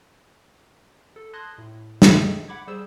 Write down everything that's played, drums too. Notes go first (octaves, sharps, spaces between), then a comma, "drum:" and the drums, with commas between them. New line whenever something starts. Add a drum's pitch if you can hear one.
A4
A5 C6 D#6 F#6 G#6 A#6
A2
G#4 A4 D#5 E5 G5, drum: snare
F#5 B5 D6 G#6
G3 G#4 C5 E6 E7